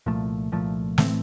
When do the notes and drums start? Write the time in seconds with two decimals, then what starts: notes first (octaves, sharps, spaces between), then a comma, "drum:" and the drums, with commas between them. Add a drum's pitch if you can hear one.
0.06 C2 A#2 F3 A3
0.52 C2 A#2 F3 A3
0.98 A2 E3 A3 C4, drum: snare